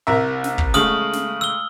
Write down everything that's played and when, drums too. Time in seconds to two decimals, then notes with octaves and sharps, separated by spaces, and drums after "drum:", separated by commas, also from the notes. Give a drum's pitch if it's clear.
0.07 C2 A#4 E5
0.44 drum: snare
0.58 drum: kick
0.74 C#3 G#3 A3 D#6 F6 F#7, drum: snare
1.13 drum: snare
1.41 E6 G7